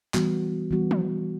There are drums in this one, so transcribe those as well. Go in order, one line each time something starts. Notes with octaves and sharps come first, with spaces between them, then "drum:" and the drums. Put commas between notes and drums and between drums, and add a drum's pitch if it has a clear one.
E3 G3 B3 F#4, drum: clap
E3 G3 B3 F#4
drum: tom